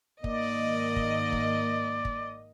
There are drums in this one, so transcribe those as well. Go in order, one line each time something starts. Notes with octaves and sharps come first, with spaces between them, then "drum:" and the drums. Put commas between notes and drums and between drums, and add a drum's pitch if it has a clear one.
G#2 D#3 A#3 D5 D#5, drum: kick
drum: kick
drum: kick
drum: kick